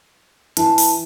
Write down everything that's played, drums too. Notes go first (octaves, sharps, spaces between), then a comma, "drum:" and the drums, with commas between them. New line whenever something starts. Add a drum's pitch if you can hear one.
E3 A5, drum: hi-hat
drum: open hi-hat